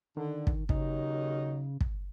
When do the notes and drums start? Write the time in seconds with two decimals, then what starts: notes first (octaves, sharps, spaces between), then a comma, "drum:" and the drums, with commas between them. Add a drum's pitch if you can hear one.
0.17 D3 D#3
0.47 drum: kick
0.69 D#2 C#3 F#3 D#4, drum: kick
1.81 drum: kick